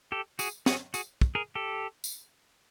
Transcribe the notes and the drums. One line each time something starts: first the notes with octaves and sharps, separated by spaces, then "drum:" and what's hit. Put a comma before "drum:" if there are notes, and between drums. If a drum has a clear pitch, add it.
G4 A4
F#4 G#4, drum: tambourine
F#4 G#4, drum: snare
F#4 G#4, drum: tambourine
drum: kick
G#4 A#4
G4 A4
drum: tambourine